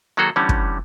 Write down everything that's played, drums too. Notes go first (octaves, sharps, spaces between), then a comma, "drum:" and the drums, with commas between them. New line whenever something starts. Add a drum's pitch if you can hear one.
D#3 F#3 A#3 F#4 G#4 A4
D3 E3 G3 A3 C#4
drum: kick